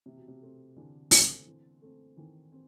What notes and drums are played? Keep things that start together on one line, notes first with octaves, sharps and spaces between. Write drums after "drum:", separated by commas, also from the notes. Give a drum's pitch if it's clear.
C3 E3
B2
C3
A3 C4
D3 E3
A3 C4, drum: open hi-hat
E3
A3 C4
D#3 E3
C4